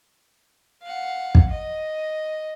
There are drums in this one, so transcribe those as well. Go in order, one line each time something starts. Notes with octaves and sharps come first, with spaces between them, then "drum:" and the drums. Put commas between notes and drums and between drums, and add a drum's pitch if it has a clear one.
F5 F#5
drum: kick
D#5